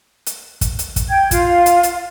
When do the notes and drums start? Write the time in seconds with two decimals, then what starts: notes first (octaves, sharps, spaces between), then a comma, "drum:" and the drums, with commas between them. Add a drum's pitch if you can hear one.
0.26 drum: hi-hat
0.61 drum: kick, hi-hat
0.79 drum: hi-hat
0.96 drum: kick, hi-hat
1.08 G5 G#6
1.31 F4 F5, drum: kick, hi-hat
1.66 drum: hi-hat
1.83 drum: hi-hat